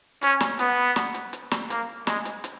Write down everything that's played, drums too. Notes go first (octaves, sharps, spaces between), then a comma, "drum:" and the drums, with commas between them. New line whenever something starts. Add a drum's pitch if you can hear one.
C#4, drum: hi-hat
drum: snare
B3, drum: hi-hat
drum: snare
drum: hi-hat
drum: hi-hat
drum: snare
A#3, drum: hi-hat
G#3, drum: snare
drum: hi-hat
drum: hi-hat